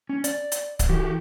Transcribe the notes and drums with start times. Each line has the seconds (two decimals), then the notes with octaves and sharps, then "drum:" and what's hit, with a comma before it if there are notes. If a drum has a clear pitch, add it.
0.09 C#4
0.24 D5, drum: hi-hat
0.52 drum: hi-hat
0.79 drum: kick C#1, hi-hat
0.89 E3 F#4 G4 A4